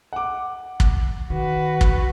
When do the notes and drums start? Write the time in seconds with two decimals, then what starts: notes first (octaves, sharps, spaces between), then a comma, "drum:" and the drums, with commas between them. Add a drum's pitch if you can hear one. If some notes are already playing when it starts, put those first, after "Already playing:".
0.13 F#5 D6
0.80 drum: kick
1.30 D#3 F#4 B4
1.81 drum: kick